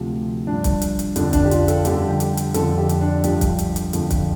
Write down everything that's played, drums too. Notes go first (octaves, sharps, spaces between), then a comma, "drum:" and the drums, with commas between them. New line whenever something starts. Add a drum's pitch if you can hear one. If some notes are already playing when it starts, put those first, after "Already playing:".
Already playing: D2 C3 F3
G2 F3 D4
drum: kick, hi-hat
drum: hi-hat
drum: hi-hat
F2 D3 F3 D4, drum: hi-hat
D4, drum: kick, hi-hat
G4
F4, drum: hi-hat
A4, drum: hi-hat
G2 D3 F3 G4, drum: hi-hat
G4
drum: hi-hat
drum: hi-hat
F2 D3 F3 A4, drum: hi-hat
G4
drum: hi-hat
D4
G2 F3 G4, drum: hi-hat
drum: kick, hi-hat
drum: hi-hat
drum: hi-hat
F2 D3 F3, drum: hi-hat
drum: kick, hi-hat